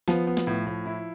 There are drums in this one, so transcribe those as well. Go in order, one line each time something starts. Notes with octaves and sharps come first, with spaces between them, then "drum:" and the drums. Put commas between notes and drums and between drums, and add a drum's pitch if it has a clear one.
F3 B3, drum: snare
B3
drum: snare
A2
A2
E4